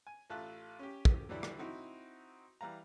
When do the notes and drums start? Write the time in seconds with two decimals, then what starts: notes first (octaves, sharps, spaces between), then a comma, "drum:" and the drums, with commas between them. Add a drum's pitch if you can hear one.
0.07 G#5
0.30 A1 A3 F4 A5 F#6
0.79 C#4 G4
1.05 drum: kick
1.29 D3 E3 F#3 G3 D4 E4
1.43 drum: rim click
1.59 C4 D#4 E4 F#4
2.61 E3 G3 F5 A#5